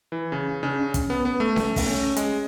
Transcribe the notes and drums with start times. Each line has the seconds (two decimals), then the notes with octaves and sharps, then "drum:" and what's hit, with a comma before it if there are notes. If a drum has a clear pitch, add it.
0.12 E3
0.32 C#3 D4
0.49 C#4
0.63 C#3 D4
0.79 C#4
0.94 drum: kick, hi-hat
1.10 B3
1.25 B3
1.40 A3
1.56 D4, drum: snare C#4
1.66 C#4
1.76 B3, drum: kick, open hi-hat
1.86 C#4
2.16 G#3, drum: hi-hat